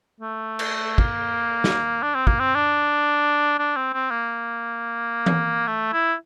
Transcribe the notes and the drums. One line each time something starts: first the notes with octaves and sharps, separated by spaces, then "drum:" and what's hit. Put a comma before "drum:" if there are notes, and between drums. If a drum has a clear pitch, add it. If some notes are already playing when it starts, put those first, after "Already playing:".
A3
drum: cymbal
A#3, drum: kick
drum: snare
D4
C4
A#3, drum: kick
C4
D4
D4
C4
C4
A#3
drum: tom E3
A3
E4